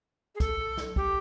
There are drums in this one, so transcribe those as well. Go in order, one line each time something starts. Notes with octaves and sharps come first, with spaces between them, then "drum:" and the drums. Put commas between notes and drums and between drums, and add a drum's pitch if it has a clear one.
G#4
A4, drum: kick, hi-hat
drum: snare
G4, drum: kick